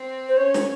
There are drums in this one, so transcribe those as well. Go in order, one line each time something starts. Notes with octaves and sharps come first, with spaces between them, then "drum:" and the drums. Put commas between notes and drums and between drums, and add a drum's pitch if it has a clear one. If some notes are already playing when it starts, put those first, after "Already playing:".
Already playing: C4
C5
C#4 C#5
drum: snare